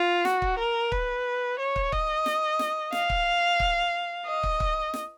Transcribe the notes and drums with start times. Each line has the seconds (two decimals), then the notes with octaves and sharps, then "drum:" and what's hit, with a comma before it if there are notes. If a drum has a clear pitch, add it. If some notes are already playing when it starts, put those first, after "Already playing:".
Already playing: F4
0.25 F#4, drum: snare
0.42 drum: kick
0.59 A#4
0.92 B4, drum: kick
1.59 C#5
1.76 drum: kick
1.92 D#5, drum: kick
2.26 drum: snare
2.59 drum: snare
2.92 F5, drum: snare
3.10 drum: kick
3.60 drum: kick
4.27 D#5
4.43 drum: kick
4.60 drum: kick
4.94 drum: snare